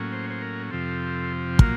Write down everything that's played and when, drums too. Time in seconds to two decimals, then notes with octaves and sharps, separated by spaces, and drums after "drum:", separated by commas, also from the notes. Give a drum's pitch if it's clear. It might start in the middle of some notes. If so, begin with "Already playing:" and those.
Already playing: A2 F#3 A#3 C#4
0.12 C5
0.30 C5
0.42 A#4
0.70 F2 C3 F3 C4 A4
1.59 A#2 F#3 A#3 F4, drum: kick